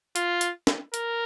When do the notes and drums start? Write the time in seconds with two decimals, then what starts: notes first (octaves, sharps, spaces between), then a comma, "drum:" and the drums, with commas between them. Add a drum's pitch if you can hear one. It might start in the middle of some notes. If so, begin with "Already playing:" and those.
0.16 F4, drum: hi-hat
0.41 drum: hi-hat
0.67 drum: snare
0.94 A#4, drum: hi-hat